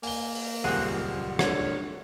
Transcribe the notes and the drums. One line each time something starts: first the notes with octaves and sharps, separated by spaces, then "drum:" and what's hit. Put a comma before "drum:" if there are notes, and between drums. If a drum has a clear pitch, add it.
A#3 G#5 G7, drum: open hi-hat
drum: open hi-hat
D#1 C#2 F#2 C4 G#4 F#5
D2 D3 C#5, drum: rim click